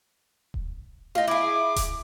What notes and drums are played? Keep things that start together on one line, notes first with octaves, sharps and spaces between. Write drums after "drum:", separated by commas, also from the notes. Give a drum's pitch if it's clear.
drum: kick D#1
D#4 F4, drum: tom E4
E4 G#4 D6
drum: kick D#1, hi-hat